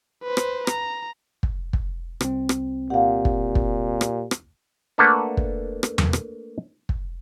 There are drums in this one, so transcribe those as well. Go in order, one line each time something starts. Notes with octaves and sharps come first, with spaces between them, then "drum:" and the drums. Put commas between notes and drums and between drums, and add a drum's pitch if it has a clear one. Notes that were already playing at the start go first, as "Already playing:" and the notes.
B4 C5
drum: rim click
A#5, drum: rim click
drum: kick
drum: kick
C2 C4, drum: rim click
drum: rim click
A#2 G4 F5 F#5
drum: kick
drum: kick
drum: rim click
drum: rim click
A3 A#3 D4 A4 B4 F#5
drum: kick
drum: rim click
drum: tom E2
drum: rim click
drum: kick